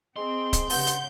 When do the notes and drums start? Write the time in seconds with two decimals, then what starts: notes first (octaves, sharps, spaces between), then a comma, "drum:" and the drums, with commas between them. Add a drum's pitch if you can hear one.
0.16 C4 G#4 D#5 C6
0.53 drum: kick C#1, hi-hat
0.70 G2 C#3 F#5 G6, drum: open hi-hat
0.87 drum: hi-hat